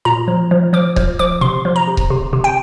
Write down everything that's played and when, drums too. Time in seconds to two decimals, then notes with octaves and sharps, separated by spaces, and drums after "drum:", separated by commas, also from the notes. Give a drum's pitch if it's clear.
0.05 A#2 A#5
0.28 F3
0.51 F3
0.73 F3 D6
0.96 F3, drum: kick C#1
1.19 F3 D6
1.41 C3 C6
1.65 F3
1.76 A#5
1.88 C3
1.97 drum: kick C#1
2.10 C3
2.33 C3
2.44 G5